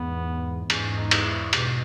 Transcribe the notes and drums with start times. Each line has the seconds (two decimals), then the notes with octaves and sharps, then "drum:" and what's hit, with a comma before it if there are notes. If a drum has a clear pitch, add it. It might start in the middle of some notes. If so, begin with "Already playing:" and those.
Already playing: E2 G#2 B3
0.70 E2 G#2 C#4, drum: cymbal
0.98 D#4
1.11 drum: cymbal
1.26 E4
1.53 G#2 B2 G4, drum: cymbal